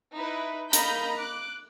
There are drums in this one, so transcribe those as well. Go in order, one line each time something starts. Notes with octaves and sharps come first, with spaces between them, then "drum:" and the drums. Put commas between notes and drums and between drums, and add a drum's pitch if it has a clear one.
D#4 E4 B4
A#3 D#5 A#5 B5 G6, drum: hi-hat
D6 F#6